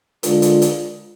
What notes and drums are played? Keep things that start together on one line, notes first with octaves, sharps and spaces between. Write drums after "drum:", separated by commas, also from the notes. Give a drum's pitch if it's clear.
D3 G#3 D4 F4, drum: hi-hat
drum: hi-hat
drum: hi-hat